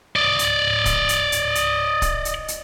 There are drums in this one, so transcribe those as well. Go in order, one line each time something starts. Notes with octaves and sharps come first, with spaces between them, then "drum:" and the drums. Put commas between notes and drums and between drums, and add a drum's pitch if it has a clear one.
D5 D#5
drum: hi-hat
drum: kick C#1, hi-hat
drum: hi-hat
drum: hi-hat
drum: hi-hat
drum: kick C#1, hi-hat
drum: hi-hat
drum: hi-hat